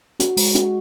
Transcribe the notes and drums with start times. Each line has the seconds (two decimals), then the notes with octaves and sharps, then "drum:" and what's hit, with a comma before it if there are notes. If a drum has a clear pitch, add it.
0.20 F#4, drum: hi-hat
0.37 G#3, drum: open hi-hat
0.55 F#4, drum: hi-hat